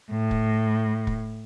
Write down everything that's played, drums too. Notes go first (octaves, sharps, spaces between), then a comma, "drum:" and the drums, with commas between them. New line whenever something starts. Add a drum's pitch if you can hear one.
A2
drum: kick
drum: kick